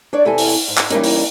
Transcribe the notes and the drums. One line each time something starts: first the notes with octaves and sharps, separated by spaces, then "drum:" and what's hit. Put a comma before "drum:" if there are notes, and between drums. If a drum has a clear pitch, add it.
D4 C#5 D5
E2 C3 E3 E4 A4 G#5
drum: open hi-hat
G#2
drum: clap
E3 G3 A#3 C#4 D#4, drum: hi-hat
drum: open hi-hat